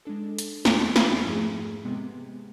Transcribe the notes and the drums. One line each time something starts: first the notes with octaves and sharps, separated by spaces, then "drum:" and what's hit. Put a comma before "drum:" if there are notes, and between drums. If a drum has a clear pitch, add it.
G#3 D4 A4
drum: hi-hat
F2 E3 G#3, drum: snare
drum: snare
G#2 F3 A3 E4 G#4
C3 G#3 B3